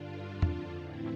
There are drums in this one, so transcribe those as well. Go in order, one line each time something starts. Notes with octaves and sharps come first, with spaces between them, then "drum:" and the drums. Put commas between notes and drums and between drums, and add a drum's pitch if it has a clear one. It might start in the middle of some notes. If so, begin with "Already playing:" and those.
Already playing: G2 D3 D4 F4
F2 D3
drum: tom
A2 E3 C4 E4